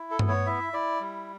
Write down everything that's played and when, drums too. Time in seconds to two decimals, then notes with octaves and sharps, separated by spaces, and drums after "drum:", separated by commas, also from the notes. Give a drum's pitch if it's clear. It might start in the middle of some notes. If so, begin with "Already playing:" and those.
Already playing: E4
0.11 A4
0.19 B3, drum: tom G2
0.29 C#5
0.46 E4 E5
0.73 E4 D5
1.00 G3